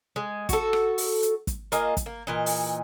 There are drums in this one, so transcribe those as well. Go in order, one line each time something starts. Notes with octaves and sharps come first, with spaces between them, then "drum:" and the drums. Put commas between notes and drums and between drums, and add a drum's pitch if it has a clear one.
G#3
F#4 A4, drum: kick, hi-hat
drum: rim click
drum: open hi-hat
drum: hi-hat
drum: kick, hi-hat
A#3 F4 G#4 D#5, drum: hi-hat
drum: kick, hi-hat
A#3
A#2 E3 D#5
drum: open hi-hat